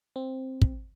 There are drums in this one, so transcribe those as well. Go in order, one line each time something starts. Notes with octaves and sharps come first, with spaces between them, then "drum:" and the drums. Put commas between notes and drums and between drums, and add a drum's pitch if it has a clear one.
C4
drum: kick